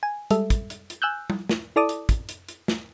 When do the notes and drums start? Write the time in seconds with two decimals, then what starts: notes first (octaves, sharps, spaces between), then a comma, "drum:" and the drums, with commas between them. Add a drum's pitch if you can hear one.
0.03 G#5
0.31 G3 G#3 A4 E5, drum: hi-hat
0.50 drum: kick, hi-hat
0.70 drum: hi-hat
0.90 drum: hi-hat
1.02 G#5 E6 F#6 G6
1.30 drum: tom G3
1.49 drum: snare
1.76 E4 A4 D5 A5 D6 D#6
1.89 drum: hi-hat
2.09 drum: kick, hi-hat
2.29 drum: hi-hat
2.49 drum: hi-hat
2.68 drum: snare